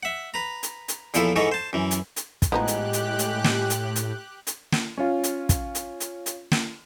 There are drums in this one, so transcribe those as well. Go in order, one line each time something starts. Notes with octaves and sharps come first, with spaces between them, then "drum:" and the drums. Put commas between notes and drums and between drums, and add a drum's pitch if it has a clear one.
E5 F#5
B4 A#5
drum: hi-hat
drum: hi-hat
E2 A#2 F3 E4 A4, drum: hi-hat
G#2 E3 A4 C#5 D#5 C#6
C5 A5
F#2 E3
drum: hi-hat
drum: hi-hat
drum: kick, hi-hat
A2 F3 G#3 B3 D#4 G4 F#6
drum: hi-hat
drum: hi-hat
drum: hi-hat
drum: snare
drum: hi-hat
drum: hi-hat
drum: hi-hat
drum: snare
C#4 F4
drum: hi-hat
drum: kick, hi-hat
drum: hi-hat
drum: hi-hat
drum: hi-hat
drum: snare